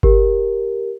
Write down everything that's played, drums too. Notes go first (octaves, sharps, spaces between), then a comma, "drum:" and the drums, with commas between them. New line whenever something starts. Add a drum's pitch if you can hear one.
G4 A#4, drum: kick G1